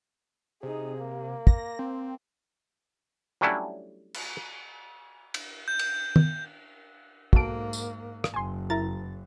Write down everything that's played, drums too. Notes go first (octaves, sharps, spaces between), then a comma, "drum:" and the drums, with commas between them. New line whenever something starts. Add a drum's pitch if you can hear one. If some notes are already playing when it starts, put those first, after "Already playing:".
C3 D#4 G#4
A#3
A#6, drum: kick
C4
F#3 G3 A3 C#4 D4 E4
drum: cymbal
drum: cymbal
G6
drum: cymbal
drum: tom D#3
B1 G#2 A#3 F#4 A4 D7, drum: kick
drum: tambourine
drum: rim click
F#1 G#5 C6
E4 A#4 A#5 A6